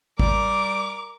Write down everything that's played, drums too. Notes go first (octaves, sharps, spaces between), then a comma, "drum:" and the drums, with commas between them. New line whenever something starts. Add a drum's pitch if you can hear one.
G3 A#4 D6, drum: kick